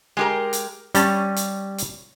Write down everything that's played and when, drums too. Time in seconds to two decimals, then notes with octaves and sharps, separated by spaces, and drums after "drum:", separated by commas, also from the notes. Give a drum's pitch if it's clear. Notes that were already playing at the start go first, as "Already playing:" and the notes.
0.17 G#3 G4 A#4
0.53 drum: hi-hat
0.95 G3 C#4 A5, drum: hi-hat
1.36 drum: hi-hat
1.78 drum: hi-hat